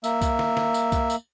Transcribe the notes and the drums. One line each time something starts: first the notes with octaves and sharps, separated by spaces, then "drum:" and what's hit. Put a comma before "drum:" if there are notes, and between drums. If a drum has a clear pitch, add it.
A#3 E5, drum: tambourine
drum: kick C2, tambourine
drum: snare
drum: snare
drum: tambourine
drum: kick C2, tambourine
drum: tambourine